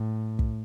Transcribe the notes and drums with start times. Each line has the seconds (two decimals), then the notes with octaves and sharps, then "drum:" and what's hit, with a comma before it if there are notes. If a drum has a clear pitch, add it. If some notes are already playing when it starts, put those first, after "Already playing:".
Already playing: A2
0.39 drum: kick